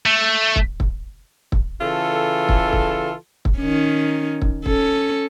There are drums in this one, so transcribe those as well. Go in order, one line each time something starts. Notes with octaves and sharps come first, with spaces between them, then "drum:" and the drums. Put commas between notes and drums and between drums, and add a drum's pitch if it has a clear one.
A3
drum: kick
drum: kick
drum: kick
C#3 E3 F4 A4
drum: kick
drum: kick
drum: kick
D#3 C#4
drum: kick
C#4 A4, drum: kick